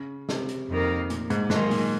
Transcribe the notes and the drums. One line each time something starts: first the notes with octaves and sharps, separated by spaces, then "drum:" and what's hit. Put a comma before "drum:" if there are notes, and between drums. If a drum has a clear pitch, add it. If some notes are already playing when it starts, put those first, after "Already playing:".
Already playing: C#3
C3, drum: snare
drum: hi-hat
F2 D#3 A#3
A#2, drum: hi-hat
G#2, drum: hi-hat
G#2 D#3 F#3 A#3 F4 G#4, drum: snare
A#2, drum: open hi-hat